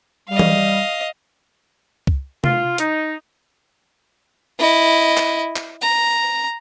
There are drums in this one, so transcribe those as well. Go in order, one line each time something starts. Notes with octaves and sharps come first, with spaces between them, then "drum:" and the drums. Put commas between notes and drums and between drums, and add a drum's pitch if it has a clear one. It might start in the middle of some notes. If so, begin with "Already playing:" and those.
G3 D#5 F5
drum: tom E3
drum: kick C#2
F4, drum: tom
D#4, drum: hi-hat
E4 D#5
drum: clap
drum: clap
A#5